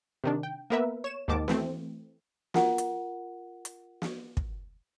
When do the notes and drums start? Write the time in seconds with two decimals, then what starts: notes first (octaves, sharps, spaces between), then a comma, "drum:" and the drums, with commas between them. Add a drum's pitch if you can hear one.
0.24 C3 D#3 D4
0.43 G5
0.70 A#3 B3 A#4 B4 E5
1.04 C#5 E7
1.28 D#2 G#2 D#3 A5 D6
1.48 E3 A3 C4, drum: snare
2.54 F4 A#4 F#5, drum: snare
2.78 drum: hi-hat
3.65 drum: hi-hat
4.02 drum: snare
4.37 drum: kick